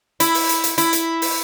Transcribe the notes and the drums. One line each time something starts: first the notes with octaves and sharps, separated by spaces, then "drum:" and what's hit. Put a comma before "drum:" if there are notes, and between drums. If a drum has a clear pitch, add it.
E4, drum: hi-hat
drum: open hi-hat
drum: hi-hat
drum: hi-hat
E4, drum: hi-hat
drum: hi-hat
drum: open hi-hat